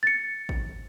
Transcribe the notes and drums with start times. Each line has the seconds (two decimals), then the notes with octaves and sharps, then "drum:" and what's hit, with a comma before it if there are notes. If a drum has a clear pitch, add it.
0.03 A6 C#7
0.49 drum: kick G#1